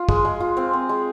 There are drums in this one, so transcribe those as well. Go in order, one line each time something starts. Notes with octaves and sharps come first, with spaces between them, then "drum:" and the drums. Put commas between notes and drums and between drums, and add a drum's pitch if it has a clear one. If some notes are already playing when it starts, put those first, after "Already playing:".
Already playing: F4
G#3, drum: kick
G#3
F4
C4
C4
G#3